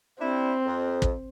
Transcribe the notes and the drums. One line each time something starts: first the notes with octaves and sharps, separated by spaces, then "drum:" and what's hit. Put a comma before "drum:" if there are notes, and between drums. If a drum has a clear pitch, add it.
G3 C4 D4 E4
F2
drum: kick